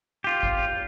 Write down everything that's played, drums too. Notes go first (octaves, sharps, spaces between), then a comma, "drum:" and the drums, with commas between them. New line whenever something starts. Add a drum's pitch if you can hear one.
F4 G4
drum: kick G#1, cymbal